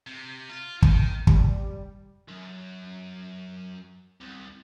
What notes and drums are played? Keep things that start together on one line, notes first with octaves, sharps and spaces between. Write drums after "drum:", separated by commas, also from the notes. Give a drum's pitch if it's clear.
C3
F4
D#3, drum: kick
G3, drum: kick
F#2
C2